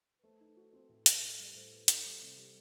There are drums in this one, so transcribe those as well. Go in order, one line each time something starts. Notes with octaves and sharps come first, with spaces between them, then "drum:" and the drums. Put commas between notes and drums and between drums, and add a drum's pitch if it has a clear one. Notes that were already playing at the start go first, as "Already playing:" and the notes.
B4
A3 A4 C5
D#4
F#4
C4
A2
B3, drum: hi-hat
A2
G3
A2 A4 C5
B3
D#4, drum: hi-hat
G3
C3
G3